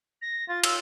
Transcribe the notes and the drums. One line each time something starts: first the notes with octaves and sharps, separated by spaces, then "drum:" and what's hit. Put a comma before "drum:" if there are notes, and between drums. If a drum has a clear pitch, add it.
A#6
F4 A6
E6, drum: cymbal